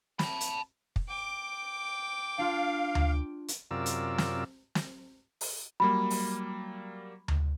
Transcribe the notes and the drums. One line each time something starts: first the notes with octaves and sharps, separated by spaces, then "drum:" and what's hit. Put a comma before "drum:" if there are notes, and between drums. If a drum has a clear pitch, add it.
A5 B5, drum: snare
drum: hi-hat
drum: kick
G5 D6
D4 F4 F5
drum: tom D2
drum: hi-hat
F#2 C3 F4 A#4 D5 E6
drum: hi-hat
drum: snare
drum: snare
drum: open hi-hat
F#3 G3 A#3 B5
drum: open hi-hat
drum: tom D2